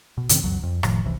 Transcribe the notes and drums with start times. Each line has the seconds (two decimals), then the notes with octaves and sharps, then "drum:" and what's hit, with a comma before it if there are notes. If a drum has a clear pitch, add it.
0.17 B2
0.29 G2 C#3 E3 C4, drum: hi-hat
0.44 C#2 F#2 F#3
0.63 F2
0.83 F1 A2 D#3 F3, drum: rim click
1.04 G1 C#2 C3 E3